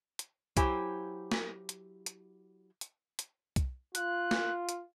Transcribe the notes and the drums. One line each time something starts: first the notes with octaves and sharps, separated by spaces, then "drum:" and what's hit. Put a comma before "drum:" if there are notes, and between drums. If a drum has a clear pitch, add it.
drum: hi-hat
F#3 E4 G4 C5 G#5, drum: kick B1, hi-hat
drum: snare
drum: hi-hat
drum: hi-hat
drum: hi-hat
drum: hi-hat
drum: kick B1, hi-hat
F4 F#6, drum: hi-hat
drum: snare
drum: hi-hat